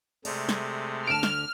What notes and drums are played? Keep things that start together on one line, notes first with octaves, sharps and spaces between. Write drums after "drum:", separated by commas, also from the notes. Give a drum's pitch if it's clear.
C3 G#3 A3 D5, drum: cymbal
drum: snare
D2 D3 A5 F6 D7 E7
drum: snare